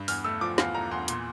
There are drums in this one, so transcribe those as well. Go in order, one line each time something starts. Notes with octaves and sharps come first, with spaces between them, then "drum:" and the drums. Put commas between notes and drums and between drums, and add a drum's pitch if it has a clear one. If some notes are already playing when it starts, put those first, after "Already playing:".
Already playing: G2
E2 F6, drum: open hi-hat
A3 E6
F3 D6
E2 F5, drum: snare
A3 A#5
E2 C6
A#2 C6, drum: hi-hat